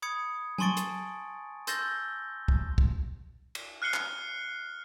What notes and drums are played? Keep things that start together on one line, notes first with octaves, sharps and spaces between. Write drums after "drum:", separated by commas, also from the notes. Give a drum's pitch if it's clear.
B5 D#6 G#6 C#7
G#5 A5 C6 C#6 A6 D7, drum: tom F#3
drum: hi-hat
C6 E6 G6 A6 A#6 G7, drum: hi-hat
drum: kick
drum: kick
drum: cymbal
F6 F#6 C7 C#7 G7
drum: clap